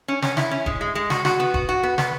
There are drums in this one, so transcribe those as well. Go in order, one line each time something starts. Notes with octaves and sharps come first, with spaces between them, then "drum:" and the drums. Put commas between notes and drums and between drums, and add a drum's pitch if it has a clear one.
C#4
C#4, drum: snare
E4, drum: snare
C#4
G#3, drum: kick F1
G#3
G#3
F#4, drum: snare
F#4, drum: snare
B3
F#4, drum: kick F1
F#4
B3
B3, drum: snare